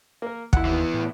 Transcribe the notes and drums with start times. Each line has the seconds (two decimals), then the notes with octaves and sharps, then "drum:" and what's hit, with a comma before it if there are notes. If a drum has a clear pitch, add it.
0.22 A#3 A#4
0.53 D#2 E4 F#5, drum: kick
0.65 E3 B3
0.94 A2